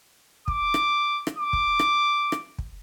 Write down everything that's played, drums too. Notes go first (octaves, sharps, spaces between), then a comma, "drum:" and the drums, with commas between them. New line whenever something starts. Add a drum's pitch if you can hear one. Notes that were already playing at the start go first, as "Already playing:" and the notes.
D6, drum: kick
drum: rim click
drum: rim click
D6
drum: kick
drum: rim click
drum: rim click
drum: kick